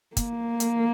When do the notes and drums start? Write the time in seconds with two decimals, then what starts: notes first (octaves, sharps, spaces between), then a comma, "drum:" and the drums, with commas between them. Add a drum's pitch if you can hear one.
0.17 A#3, drum: kick, hi-hat
0.60 drum: hi-hat